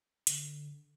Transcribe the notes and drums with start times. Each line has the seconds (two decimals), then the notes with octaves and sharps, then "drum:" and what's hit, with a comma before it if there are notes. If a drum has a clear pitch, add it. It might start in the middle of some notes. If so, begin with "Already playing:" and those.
0.27 D3, drum: hi-hat